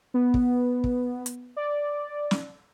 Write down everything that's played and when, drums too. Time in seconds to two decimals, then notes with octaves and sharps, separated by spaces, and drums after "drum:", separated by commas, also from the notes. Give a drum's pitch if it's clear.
0.14 B3
0.34 drum: kick
0.84 drum: kick
1.26 drum: hi-hat
1.57 D5
2.31 drum: snare